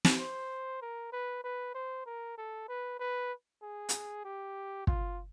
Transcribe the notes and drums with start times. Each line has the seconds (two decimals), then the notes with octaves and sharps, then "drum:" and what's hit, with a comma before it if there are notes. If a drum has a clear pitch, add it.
0.05 drum: snare
0.19 C5
0.82 A#4
1.13 B4
1.44 B4
1.74 C5
2.06 A#4
2.38 A4
2.68 B4
3.00 B4
3.62 G#4
3.89 drum: hi-hat
4.25 G4
4.87 F4, drum: kick